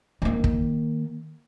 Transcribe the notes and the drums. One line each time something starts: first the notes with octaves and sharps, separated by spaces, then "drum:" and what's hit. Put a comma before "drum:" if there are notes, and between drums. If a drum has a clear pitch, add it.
D#3 A#3
drum: kick